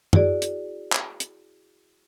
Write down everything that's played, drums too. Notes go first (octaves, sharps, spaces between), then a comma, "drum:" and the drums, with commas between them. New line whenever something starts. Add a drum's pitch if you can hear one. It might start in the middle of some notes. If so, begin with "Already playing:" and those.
E4 F#4 G#4 D5, drum: tom
drum: hi-hat
drum: clap
drum: hi-hat